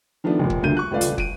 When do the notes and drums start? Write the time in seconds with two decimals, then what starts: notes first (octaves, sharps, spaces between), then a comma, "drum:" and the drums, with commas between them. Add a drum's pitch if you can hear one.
0.24 D#3 F3 A3 B3 D4
0.39 F1 A#2
0.50 drum: kick
0.63 D#1 D2 D3 A#3 G6 D#7
0.77 C#6 F#6
0.91 D#1 C#2 A3 B4 D5 F5
1.01 drum: hi-hat
1.18 D7 D#7, drum: kick